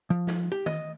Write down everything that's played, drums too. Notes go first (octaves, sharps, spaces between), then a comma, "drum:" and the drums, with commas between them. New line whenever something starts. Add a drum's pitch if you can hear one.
F3
drum: snare
G4
D#5, drum: tom D#3